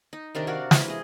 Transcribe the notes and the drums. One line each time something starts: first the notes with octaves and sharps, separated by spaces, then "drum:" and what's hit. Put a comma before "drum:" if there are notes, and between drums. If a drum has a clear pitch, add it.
D#4
C3 D#3 D4 A#4
F#4 A#4 D5 F5
E3, drum: snare
G#4 D#5